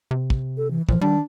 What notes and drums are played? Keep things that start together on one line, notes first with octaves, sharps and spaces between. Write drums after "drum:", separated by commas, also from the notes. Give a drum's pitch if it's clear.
C3
drum: kick
A4
E3
A#2 E3 F3, drum: kick
D#3 G3 D4